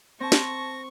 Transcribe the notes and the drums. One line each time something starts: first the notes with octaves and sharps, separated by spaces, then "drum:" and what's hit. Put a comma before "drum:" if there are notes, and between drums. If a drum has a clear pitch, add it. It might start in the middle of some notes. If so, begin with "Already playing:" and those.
C4 A5 C#6 A#6
drum: snare